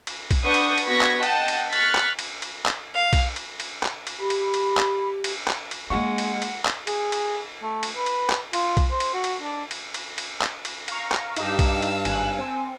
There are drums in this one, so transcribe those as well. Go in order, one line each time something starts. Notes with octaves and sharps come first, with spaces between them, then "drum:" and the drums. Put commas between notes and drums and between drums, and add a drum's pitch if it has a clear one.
drum: cymbal
drum: kick B1, cymbal
D4 B4 F#5 C#6 D#6 G6
drum: cymbal
drum: cymbal
B3 F#4 C#6 G#6 A#6 B6
drum: clap
D#5 F#5 G5 A5, drum: cymbal
drum: cymbal
C#6 F6 F#6 A6 B6, drum: cymbal
drum: clap
drum: cymbal
drum: cymbal
drum: clap
F5
drum: kick B1, cymbal
drum: cymbal
drum: cymbal
drum: clap
drum: cymbal
G4 B5
drum: cymbal
drum: cymbal
drum: clap
drum: cymbal
drum: clap
drum: cymbal
G#3 A#3 D4 G#4 F5 F#5 C#6
drum: cymbal
drum: cymbal
drum: clap
G#4, drum: cymbal
drum: cymbal
A3
drum: cymbal
B4
drum: cymbal
drum: clap
F4, drum: cymbal
drum: kick B1, cymbal
C5
drum: cymbal
F#4
drum: cymbal
D4
drum: cymbal
drum: cymbal
drum: cymbal
drum: clap
drum: cymbal
F5 A#5 C#6, drum: cymbal
drum: clap
G2 D#4 G4 F5 A5 E6, drum: cymbal
drum: kick B1, cymbal
drum: cymbal
G#1 G#5 F#6, drum: cymbal
C4